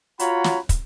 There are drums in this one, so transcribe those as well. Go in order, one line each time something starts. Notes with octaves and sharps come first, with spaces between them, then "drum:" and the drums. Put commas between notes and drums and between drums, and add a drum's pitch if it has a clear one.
F4 F#4 C#5 F#5 A#5 B5, drum: hi-hat
drum: snare
drum: kick, hi-hat